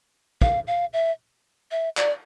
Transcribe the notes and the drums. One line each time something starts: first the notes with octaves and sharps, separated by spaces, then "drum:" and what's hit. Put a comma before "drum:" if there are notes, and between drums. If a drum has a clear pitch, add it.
F5, drum: kick
F5
E5
E5
D5, drum: clap